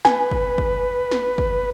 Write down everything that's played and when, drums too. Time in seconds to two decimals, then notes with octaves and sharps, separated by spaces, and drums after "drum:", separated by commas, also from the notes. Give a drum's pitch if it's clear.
0.05 B4 G#5, drum: snare
0.31 drum: kick
0.58 drum: kick
1.11 drum: snare
1.38 drum: kick